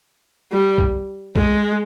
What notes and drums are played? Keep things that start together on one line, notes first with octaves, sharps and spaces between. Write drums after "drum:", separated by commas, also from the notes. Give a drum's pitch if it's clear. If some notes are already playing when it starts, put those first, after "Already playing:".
G3
drum: kick
G#3, drum: kick